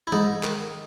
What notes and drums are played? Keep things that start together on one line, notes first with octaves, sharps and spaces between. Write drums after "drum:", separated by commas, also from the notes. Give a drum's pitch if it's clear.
E4
G#2 D#4, drum: tom E3
D#3, drum: clap